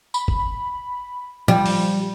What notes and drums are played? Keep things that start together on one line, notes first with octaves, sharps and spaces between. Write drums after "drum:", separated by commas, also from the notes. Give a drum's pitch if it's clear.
B5, drum: tambourine
drum: kick G1
F3 G3, drum: tom A#2
drum: open hi-hat